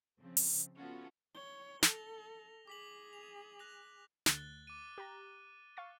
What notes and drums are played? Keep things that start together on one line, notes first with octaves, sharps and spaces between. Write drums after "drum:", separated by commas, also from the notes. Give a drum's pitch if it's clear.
C#3 F3 C4
drum: open hi-hat
B3 C#4 F4 F#4 A4
C#5 G7
A4 A#6 F7, drum: snare
G#4 D6 B6 F#7
F7
F#6 A#6 F7
D2 F#6 A6 G7, drum: snare
D6 D#7
G4 A#5
F5 C#6 A6